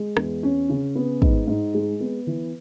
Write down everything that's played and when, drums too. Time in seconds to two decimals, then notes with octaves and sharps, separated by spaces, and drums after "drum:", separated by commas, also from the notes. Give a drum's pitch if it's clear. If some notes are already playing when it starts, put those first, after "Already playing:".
Already playing: G#3
0.17 E2, drum: rim click
0.43 C#4
0.69 C#3
0.95 B3
1.22 G#2, drum: kick
1.48 G#2
1.74 G#3
2.00 B3
2.27 E3